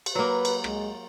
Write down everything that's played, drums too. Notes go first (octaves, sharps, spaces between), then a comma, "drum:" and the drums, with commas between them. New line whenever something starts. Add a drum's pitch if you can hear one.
drum: cymbal
F#3 A#3 B4
drum: cymbal
G#3, drum: rim click